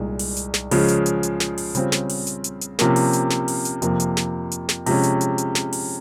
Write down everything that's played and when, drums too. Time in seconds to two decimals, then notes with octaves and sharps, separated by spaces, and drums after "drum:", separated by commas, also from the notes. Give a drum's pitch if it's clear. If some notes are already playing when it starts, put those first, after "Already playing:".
Already playing: C2 A#2 G#3 D#4
0.19 drum: open hi-hat
0.37 drum: hi-hat
0.54 drum: snare
0.71 C#3 F3 G#3, drum: open hi-hat
0.88 drum: hi-hat
1.06 drum: hi-hat
1.23 drum: hi-hat
1.40 drum: snare
1.58 drum: open hi-hat
1.75 C#3 G3 C4 F4, drum: hi-hat
1.92 drum: snare
2.09 drum: open hi-hat
2.27 drum: hi-hat
2.44 drum: hi-hat
2.61 drum: hi-hat
2.79 C3 F3 A#3 C#4, drum: snare
2.96 drum: open hi-hat
3.13 drum: hi-hat
3.30 drum: snare
3.48 drum: open hi-hat
3.65 drum: hi-hat
3.82 F2 C3 F3 A#3, drum: hi-hat
4.00 drum: hi-hat
4.17 drum: snare
4.52 drum: hi-hat
4.69 drum: snare
4.86 C3 F3 G#3 C#4, drum: open hi-hat
5.03 drum: hi-hat
5.21 drum: hi-hat
5.38 drum: hi-hat
5.55 drum: snare
5.73 drum: open hi-hat